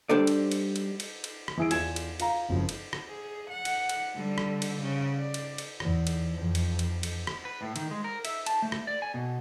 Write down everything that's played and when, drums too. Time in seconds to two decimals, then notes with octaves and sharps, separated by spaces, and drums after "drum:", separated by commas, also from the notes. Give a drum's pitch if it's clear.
0.09 G3 D4 A4 C5 D5
0.27 drum: cymbal
0.51 drum: cymbal
0.76 drum: cymbal
1.00 drum: cymbal
1.24 drum: cymbal
1.48 drum: rim click
1.58 E3 E4 G#4 E6 D7
1.71 E2 F4 G#5 G#6 E7, drum: cymbal
1.96 drum: cymbal
2.20 F4 F5 A#5, drum: cymbal
2.49 F#1 C#3 F3
2.69 drum: cymbal
2.93 drum: rim click
3.09 G#4
3.50 F#5
3.65 drum: cymbal
3.89 drum: cymbal
4.16 D3 G3
4.38 drum: rim click
4.62 drum: cymbal
4.81 C#3
5.17 D5
5.34 drum: cymbal
5.58 drum: cymbal
5.80 E2, drum: rim click
6.07 drum: cymbal
6.34 F2
6.55 drum: cymbal
6.79 drum: cymbal
7.03 drum: cymbal
7.27 drum: rim click
7.45 B4
7.62 A2
7.76 D#3, drum: cymbal
7.91 G#3
8.04 A#4
8.25 E5, drum: cymbal
8.46 A5, drum: cymbal
8.62 A3
8.72 drum: rim click
8.87 D5
9.02 G#5
9.14 B2